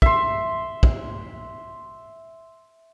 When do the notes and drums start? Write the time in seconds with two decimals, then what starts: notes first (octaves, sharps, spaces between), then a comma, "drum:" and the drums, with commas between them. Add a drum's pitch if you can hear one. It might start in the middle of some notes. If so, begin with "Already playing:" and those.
0.02 E5 C6, drum: kick
0.83 drum: kick